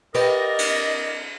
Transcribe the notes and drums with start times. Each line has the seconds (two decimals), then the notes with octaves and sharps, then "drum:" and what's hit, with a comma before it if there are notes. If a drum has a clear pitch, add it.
0.15 G4 A#4 B4 D5 D#5, drum: cymbal
0.59 drum: cymbal